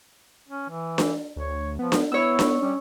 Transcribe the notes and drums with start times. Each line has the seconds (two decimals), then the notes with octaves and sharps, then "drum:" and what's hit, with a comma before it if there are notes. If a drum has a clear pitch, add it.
0.48 C#4
0.69 E3
0.98 drum: snare D4
1.36 D2 C#5
1.79 F3 B3
1.92 drum: snare D4
2.12 B3 E4 C#5 E6
2.39 drum: snare D4
2.62 G3 C#4